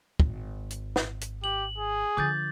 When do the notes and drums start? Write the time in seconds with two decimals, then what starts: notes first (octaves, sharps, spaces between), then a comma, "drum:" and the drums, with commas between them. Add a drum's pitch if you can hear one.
0.20 G#1, drum: kick
0.70 drum: hi-hat
0.96 drum: snare
1.21 drum: hi-hat
1.44 G4 F#7
1.78 G#4
2.17 D3 F3 D6 G6 A6